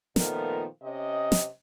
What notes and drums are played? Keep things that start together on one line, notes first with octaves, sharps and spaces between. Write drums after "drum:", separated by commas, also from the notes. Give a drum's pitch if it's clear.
A#2 D#3 F3 A3 B3 A#4, drum: snare
C3 C#4 C#5 D#5
drum: snare